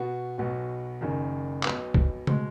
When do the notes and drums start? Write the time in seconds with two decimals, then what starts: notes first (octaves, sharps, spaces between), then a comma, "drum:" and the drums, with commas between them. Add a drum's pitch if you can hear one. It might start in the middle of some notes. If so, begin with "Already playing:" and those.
Already playing: B2 B3 F#4
0.38 B1 B2 B3 F#4
1.01 F#1 F#2 D#3
1.63 B1 B2 B3, drum: clap
1.94 drum: kick
2.27 B2 G#3, drum: tom